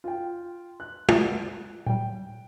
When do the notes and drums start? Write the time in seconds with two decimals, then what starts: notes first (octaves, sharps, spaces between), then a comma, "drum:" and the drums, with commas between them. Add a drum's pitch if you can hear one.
0.04 F4 G5
0.80 F#6
1.09 drum: tom
1.86 A#2 G3 G5